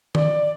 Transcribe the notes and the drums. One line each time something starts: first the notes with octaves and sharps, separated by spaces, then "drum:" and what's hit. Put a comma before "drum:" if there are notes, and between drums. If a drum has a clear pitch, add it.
D5, drum: tom D#3